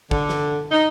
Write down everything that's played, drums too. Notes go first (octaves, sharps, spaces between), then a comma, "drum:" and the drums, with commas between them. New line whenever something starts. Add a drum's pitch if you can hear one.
D3, drum: kick
drum: snare
D#4